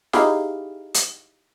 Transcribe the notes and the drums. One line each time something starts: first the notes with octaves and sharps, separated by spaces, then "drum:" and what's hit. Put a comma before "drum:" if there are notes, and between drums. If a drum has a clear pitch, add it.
D#4 E4 G4 G#4 F5, drum: snare
drum: hi-hat